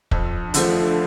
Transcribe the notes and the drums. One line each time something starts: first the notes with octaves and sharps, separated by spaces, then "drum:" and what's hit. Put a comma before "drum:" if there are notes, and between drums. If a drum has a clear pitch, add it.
F2 F4, drum: kick
D4
D3 F3 A3, drum: hi-hat
D4